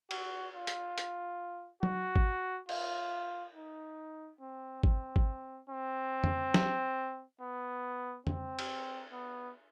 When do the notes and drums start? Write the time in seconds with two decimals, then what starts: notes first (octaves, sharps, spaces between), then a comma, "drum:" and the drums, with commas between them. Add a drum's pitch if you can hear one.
0.11 F#4, drum: cymbal
0.55 F4
0.67 drum: hi-hat
0.98 drum: hi-hat
1.83 F#4, drum: tom
2.16 drum: kick G#1
2.69 F4, drum: cymbal
3.55 D#4
4.41 C4
4.83 C4, drum: kick G#1
5.16 drum: kick G#1
5.70 C4
6.24 drum: tom
6.54 drum: snare
7.41 B3
8.27 C4, drum: tom
8.59 drum: cymbal
9.13 B3